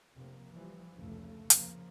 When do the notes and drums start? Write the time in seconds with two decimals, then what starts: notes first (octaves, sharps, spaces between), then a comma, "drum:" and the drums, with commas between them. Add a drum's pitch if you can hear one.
0.16 F1 C3 A#3
0.51 E3 F3 G3
0.96 F1 C#2 C#3 A3
1.50 C#3 F3 A#3, drum: hi-hat